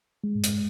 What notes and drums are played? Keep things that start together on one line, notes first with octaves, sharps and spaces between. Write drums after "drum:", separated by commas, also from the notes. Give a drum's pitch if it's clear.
G#3
drum: hi-hat